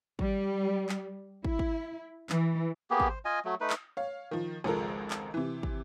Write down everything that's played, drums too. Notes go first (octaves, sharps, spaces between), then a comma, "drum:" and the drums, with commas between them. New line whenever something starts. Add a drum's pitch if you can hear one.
G3, drum: kick
drum: clap
E4, drum: kick
drum: kick
E3, drum: clap
A#3 B3 G4 G#4
drum: kick
C5
F4 D#5 G#5
F#3 A3
A3 D#4 B4
drum: clap
C#5 F5
D#3 F3
G#1 C#2 F3 G#3 A4 A#4
drum: clap
C3 E3
drum: kick